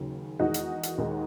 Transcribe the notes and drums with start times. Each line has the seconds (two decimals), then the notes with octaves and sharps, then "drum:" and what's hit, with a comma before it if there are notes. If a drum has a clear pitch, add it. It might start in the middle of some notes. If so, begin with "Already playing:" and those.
Already playing: D#2 C#3 F#3
0.39 E2 D#3 G#3 D#4 F#4
0.54 drum: hi-hat
0.83 drum: hi-hat
0.98 D#2 D#3 G#3